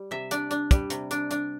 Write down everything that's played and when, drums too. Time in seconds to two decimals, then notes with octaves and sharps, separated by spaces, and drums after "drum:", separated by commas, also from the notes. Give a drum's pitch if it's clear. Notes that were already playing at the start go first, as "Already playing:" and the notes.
Already playing: G3
0.11 C3 E5
0.31 D4 D5, drum: hi-hat
0.51 D4, drum: hi-hat
0.71 G3, drum: kick, hi-hat
0.90 C3, drum: hi-hat
1.11 D4, drum: hi-hat
1.31 D4, drum: hi-hat